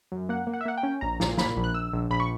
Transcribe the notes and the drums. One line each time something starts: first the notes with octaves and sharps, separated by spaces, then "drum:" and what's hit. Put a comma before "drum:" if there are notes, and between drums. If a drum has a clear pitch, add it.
F#2
A#3 F#5
A#3
F#5
E5
A#3 F#5
G5
C#4
A#1 A#5
A#2, drum: snare
A#3 B5, drum: snare
A#1
F#6
A#1 E6
A#1
A#1 B5
C#6